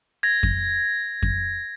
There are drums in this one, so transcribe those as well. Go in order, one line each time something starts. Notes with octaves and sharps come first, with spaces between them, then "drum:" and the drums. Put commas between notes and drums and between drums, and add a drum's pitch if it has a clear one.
G#6 A#6
drum: kick F2
drum: kick F2